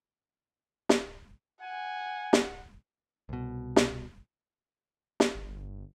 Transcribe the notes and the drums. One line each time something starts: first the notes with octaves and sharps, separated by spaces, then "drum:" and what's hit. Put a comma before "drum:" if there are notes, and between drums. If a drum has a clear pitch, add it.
drum: snare
F#5 G#5
drum: snare
C2 B2
drum: snare
drum: snare
G1